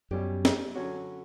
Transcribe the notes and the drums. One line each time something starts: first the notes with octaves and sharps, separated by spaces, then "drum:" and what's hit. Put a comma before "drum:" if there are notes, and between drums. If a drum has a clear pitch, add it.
F#2 B2 G3 C#4 G4
drum: snare
D3 F#3 C#4 F#4